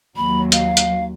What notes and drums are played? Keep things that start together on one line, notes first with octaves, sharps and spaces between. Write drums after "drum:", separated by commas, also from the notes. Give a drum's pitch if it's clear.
D#2 F#3 B5
F5, drum: hi-hat
drum: hi-hat